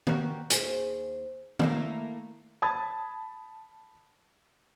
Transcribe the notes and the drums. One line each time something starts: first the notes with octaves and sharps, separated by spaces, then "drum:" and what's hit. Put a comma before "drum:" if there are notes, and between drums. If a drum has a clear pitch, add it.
F#4 G4 A#4, drum: tom
D#2 G#4 C5, drum: hi-hat
A3 A#3 E4, drum: tom
A5 B5 D#6 G#6 A6